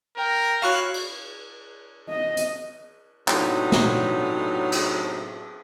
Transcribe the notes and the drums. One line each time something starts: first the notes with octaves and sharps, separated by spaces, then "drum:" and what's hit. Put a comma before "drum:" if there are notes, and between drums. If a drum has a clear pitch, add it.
A#4 G5
E4 F#4 C#5 F5 C#6 F#6
drum: cymbal
D#5
drum: hi-hat
A2 C3 F#3 B3 D4 D#4, drum: clap
drum: snare
drum: cymbal